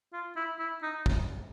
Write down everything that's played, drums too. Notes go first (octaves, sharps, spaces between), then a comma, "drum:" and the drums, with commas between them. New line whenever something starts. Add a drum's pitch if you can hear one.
F4
E4
E4
D#4
drum: kick